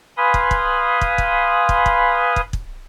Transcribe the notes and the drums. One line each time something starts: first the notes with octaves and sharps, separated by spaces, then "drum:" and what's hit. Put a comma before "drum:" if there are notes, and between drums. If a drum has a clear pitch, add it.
B4 F5 G#5 B5 C6 D#6
drum: kick
drum: kick
drum: kick
drum: kick
drum: kick
drum: kick
drum: kick
drum: kick